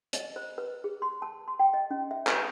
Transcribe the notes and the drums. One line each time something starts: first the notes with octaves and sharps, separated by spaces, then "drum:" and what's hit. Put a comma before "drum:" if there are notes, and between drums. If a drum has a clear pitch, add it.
D#5, drum: hi-hat
C5
B4
G#4
C6
A5
C6
G5
D#5
C#4
E5
B4, drum: clap